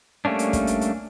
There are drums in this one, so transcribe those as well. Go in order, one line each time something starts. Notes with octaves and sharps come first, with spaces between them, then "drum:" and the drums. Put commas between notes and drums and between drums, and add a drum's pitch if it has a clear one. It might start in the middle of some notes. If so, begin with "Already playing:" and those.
G3 A3 A#3 C#4 D4
drum: hi-hat
drum: kick, hi-hat
drum: hi-hat
drum: hi-hat